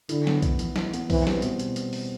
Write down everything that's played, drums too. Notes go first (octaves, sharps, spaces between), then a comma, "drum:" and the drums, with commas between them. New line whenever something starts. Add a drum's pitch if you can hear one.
D3 E4, drum: hi-hat
B3, drum: snare
E3, drum: kick B1, hi-hat
E3, drum: hi-hat
E4, drum: snare
B3, drum: hi-hat
E3 C4, drum: kick B1, open hi-hat
G3, drum: snare
B2, drum: hi-hat
drum: hi-hat
drum: hi-hat
drum: open hi-hat